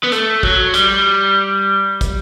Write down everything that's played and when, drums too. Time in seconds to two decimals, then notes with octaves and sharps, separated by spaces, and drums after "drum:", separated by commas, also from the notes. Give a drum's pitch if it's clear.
0.03 B3
0.12 A3, drum: hi-hat
0.43 F#3, drum: kick
0.74 G3, drum: hi-hat
2.01 drum: kick, hi-hat